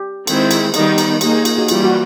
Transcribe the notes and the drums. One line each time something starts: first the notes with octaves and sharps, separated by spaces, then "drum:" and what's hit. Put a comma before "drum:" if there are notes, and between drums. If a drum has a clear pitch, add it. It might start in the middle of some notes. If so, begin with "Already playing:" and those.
Already playing: G4
D#3 G#3 C4 E4, drum: cymbal
drum: cymbal
D#3 G3 B3 D#4 G#4, drum: cymbal
drum: cymbal
A#3 D#4 G4 G#4, drum: cymbal
F4, drum: cymbal
F#4
E3 G3 A#3 F4, drum: cymbal
F#4